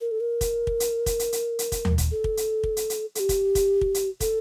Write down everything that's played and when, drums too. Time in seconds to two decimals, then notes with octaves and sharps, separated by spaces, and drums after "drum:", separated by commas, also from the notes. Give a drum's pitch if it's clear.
0.01 A#4
0.11 A4
0.20 A#4
0.41 drum: kick, hi-hat
0.67 drum: kick
0.80 drum: hi-hat
1.06 drum: kick, hi-hat
1.19 drum: hi-hat
1.33 drum: hi-hat
1.59 drum: hi-hat
1.72 drum: kick, hi-hat
1.85 drum: tom D#2
1.98 drum: kick, hi-hat
2.12 A4
2.24 drum: kick
2.37 drum: hi-hat
2.63 drum: kick
2.77 drum: hi-hat
2.90 drum: hi-hat
3.15 A4, drum: hi-hat
3.20 G4
3.29 drum: kick, hi-hat
3.55 drum: kick, hi-hat
3.81 drum: kick
3.94 drum: hi-hat
4.20 A4, drum: kick, hi-hat